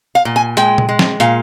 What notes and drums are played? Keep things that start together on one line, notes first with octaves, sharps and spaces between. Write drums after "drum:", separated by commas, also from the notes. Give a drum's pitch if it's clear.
F5
A#2
G#5
G#3 G5, drum: hi-hat
drum: tom A#2
G#3
drum: snare
A#2 F5, drum: hi-hat